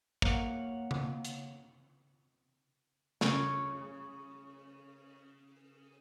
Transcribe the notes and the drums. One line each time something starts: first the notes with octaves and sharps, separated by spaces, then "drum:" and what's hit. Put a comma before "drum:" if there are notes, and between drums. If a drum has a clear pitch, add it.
A#3 C#5 F5 F#5, drum: kick
drum: tom C#3
drum: hi-hat
C#3 C#5, drum: snare